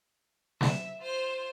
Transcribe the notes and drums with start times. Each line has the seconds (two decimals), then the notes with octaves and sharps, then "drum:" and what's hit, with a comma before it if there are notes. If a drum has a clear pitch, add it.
0.61 E5, drum: snare
0.99 F4 C5